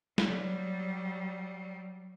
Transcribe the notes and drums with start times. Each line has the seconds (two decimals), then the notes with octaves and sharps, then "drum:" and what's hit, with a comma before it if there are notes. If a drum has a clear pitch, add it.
0.18 F#3 G3, drum: snare